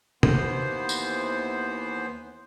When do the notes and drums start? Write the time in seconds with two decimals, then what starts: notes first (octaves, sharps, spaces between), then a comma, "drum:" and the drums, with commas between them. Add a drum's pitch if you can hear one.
0.23 D#2 E3 B3 C5, drum: tom
0.89 drum: tambourine